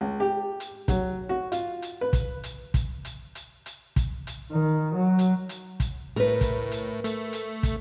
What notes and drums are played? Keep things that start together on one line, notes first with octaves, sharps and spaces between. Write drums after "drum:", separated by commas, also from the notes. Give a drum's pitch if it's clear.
C#2
G4
drum: hi-hat
F#3, drum: kick, hi-hat
F#4
F4, drum: hi-hat
drum: hi-hat
B4
drum: kick, hi-hat
drum: hi-hat
drum: kick, hi-hat
drum: hi-hat
drum: hi-hat
drum: hi-hat
drum: kick, hi-hat
drum: hi-hat
D#3
F#3
drum: hi-hat
drum: hi-hat
drum: kick, hi-hat
A2 A#4 B4
drum: kick, hi-hat
drum: hi-hat
A3, drum: hi-hat
drum: hi-hat
drum: kick, hi-hat